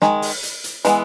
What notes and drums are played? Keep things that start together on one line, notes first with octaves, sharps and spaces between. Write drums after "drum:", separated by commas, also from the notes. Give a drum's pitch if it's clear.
D#3 G#3, drum: snare
drum: open hi-hat
drum: hi-hat
drum: hi-hat
E3 G#3 B3, drum: hi-hat